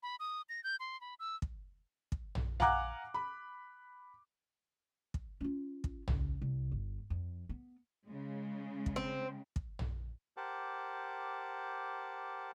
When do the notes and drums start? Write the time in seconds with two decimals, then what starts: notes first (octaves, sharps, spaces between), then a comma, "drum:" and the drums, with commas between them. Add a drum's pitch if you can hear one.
0.03 B5
0.20 D#6
0.49 A#6
0.64 G6
0.80 C6
1.01 B5
1.19 E6
1.42 drum: kick
2.12 drum: kick
2.35 drum: tom A#1
2.60 F5 F#5 G#5 A#5 D6 F#6, drum: tom A#1
3.14 B5
5.14 drum: kick
5.41 C#4 F4
5.84 drum: kick
6.08 C#2, drum: tom A#1
6.42 C2
6.72 G1
7.10 F2
7.49 B3
8.07 C#3 G#3
8.86 drum: kick
8.96 C4
9.56 drum: kick
9.79 drum: tom A#1
10.37 G4 A#4 C5 F#5 A5 D6